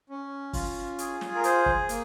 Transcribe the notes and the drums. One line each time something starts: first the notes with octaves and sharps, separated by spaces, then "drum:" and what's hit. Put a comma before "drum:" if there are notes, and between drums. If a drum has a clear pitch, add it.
C#4
F4, drum: kick, open hi-hat
G#4, drum: hi-hat
drum: snare
A#4
G#4 C5, drum: hi-hat
drum: kick
A#3, drum: hi-hat